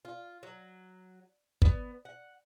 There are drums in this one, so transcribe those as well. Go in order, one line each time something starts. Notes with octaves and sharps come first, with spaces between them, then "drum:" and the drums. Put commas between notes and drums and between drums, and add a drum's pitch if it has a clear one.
F4
F#3
B3, drum: kick
F#5